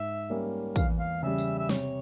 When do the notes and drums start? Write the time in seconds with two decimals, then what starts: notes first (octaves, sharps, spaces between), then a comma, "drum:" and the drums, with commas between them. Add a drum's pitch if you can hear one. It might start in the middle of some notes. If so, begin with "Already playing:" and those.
Already playing: G#2 E5
0.30 G3 A#3 C#4
0.76 E2 F5, drum: kick, tambourine
0.99 F5
1.23 C#3 G3 E5
1.38 drum: tambourine
1.59 E5
1.69 C3 C#5, drum: snare